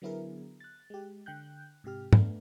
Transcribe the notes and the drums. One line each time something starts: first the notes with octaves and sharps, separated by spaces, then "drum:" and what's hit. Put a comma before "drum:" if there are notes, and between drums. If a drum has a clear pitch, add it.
D3 F#3 B3 E4 G#4 A#4
F#6 A6
G#3 G4
D3 G5 F#6 G6
G#2 C3 G4 F6
A3 B3 D4, drum: tom